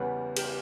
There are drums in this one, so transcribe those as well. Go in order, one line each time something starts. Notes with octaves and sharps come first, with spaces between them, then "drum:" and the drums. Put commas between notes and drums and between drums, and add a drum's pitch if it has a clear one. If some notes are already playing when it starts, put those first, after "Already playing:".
Already playing: E2 C#3 G3 B3 B4
G4, drum: cymbal